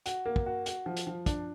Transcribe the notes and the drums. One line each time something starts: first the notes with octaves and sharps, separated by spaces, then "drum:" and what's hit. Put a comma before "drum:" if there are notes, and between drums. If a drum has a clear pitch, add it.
F#4, drum: hi-hat
A#3
drum: kick
F#4
F#4, drum: hi-hat
F3
drum: hi-hat
F3
D4, drum: kick, hi-hat